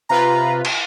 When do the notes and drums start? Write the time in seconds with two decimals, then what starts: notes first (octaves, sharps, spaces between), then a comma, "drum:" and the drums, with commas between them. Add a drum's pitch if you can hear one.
0.10 C3 F4 B4 A#5
0.65 drum: cymbal